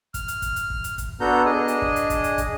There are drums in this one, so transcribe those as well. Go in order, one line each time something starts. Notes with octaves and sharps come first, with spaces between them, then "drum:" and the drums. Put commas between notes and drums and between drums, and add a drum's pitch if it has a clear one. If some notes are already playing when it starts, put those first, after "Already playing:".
F6, drum: kick, hi-hat
drum: hi-hat
drum: kick, hi-hat
drum: hi-hat
drum: kick
drum: hi-hat
drum: kick, hi-hat
B3 D4 F#4 A4 A#5 G6
D4 G#4 D#5
drum: hi-hat
drum: kick
drum: hi-hat
drum: kick, hi-hat
drum: hi-hat
drum: kick, hi-hat